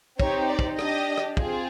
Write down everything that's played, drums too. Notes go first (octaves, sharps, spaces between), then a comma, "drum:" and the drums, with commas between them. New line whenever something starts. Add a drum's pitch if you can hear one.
C4 D#4 G4 C#5, drum: kick
D5
drum: kick
D4 G4 D#5, drum: rim click
drum: rim click
C4 F4 G#4, drum: kick